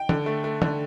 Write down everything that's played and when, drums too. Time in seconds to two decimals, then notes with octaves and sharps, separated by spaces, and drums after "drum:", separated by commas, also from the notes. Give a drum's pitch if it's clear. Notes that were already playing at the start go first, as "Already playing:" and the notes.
Already playing: G5
0.09 D3, drum: tom
0.26 A3
0.44 A3
0.62 D3, drum: tom